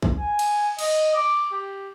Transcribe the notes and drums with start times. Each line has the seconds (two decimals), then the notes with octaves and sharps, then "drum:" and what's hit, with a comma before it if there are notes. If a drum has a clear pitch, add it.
0.02 drum: kick
0.19 G#5
0.39 drum: cymbal
0.79 D#5, drum: cymbal
1.14 D6
1.52 G4